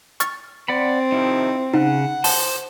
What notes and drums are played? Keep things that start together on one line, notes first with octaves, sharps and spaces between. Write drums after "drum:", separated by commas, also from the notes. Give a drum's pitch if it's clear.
C#6 F6 A6, drum: hi-hat
C4 D5 F#5 B5
C3 D#3 F3 D#4 E4
C#3 D#4 F#5
C5 A5, drum: open hi-hat